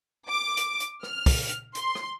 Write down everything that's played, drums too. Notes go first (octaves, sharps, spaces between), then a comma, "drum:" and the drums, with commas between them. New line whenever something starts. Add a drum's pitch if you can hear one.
D6
drum: hi-hat
drum: hi-hat
F6, drum: rim click
drum: kick, open hi-hat
drum: hi-hat
C6, drum: hi-hat
drum: rim click